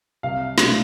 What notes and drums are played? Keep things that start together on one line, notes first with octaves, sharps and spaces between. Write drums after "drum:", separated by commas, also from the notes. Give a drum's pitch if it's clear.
C2 F5
B2 A3 D4, drum: snare